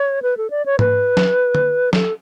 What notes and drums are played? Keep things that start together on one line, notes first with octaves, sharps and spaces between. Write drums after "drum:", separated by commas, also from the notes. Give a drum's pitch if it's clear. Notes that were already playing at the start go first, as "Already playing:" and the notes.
Already playing: C#5
B4
A4
D5
C#5
B4, drum: tom G#2
drum: snare
drum: tom D3
A4, drum: snare